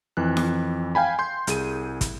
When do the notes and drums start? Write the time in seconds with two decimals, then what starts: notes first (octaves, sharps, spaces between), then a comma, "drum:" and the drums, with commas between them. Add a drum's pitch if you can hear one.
0.17 F2 E3 F#6
0.37 drum: snare
0.95 F5 G5 G#5 B5
1.19 C6 G6
1.47 C2 G#4 D#7, drum: hi-hat
2.01 drum: kick, hi-hat